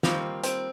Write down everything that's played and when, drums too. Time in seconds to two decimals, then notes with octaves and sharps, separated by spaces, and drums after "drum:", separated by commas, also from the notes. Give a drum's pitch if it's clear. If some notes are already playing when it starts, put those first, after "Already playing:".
0.03 D#3 G3 A#3 C4 F4, drum: snare
0.44 C4, drum: hi-hat